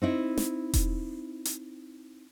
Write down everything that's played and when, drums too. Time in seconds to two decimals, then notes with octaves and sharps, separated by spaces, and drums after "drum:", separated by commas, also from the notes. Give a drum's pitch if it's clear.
0.02 C4 D#4 E4
0.38 drum: snare
0.73 drum: kick E1, hi-hat
1.45 drum: hi-hat